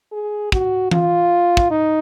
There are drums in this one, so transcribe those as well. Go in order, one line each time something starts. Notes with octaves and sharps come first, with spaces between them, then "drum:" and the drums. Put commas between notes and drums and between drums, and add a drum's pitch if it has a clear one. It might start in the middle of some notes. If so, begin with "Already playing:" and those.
G#4
F#4, drum: kick
F4, drum: tom E3
drum: kick
D#4